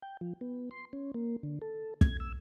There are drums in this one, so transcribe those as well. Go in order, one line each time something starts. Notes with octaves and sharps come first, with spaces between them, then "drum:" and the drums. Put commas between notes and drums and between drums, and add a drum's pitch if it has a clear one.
G5
F3
B3
C6
C#4
A#3
D3
A4
G#6, drum: kick
E6